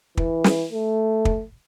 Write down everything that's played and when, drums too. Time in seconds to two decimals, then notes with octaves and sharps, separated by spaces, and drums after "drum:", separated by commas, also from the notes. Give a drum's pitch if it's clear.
0.17 E3, drum: kick
0.44 drum: snare
0.72 A3
1.25 drum: kick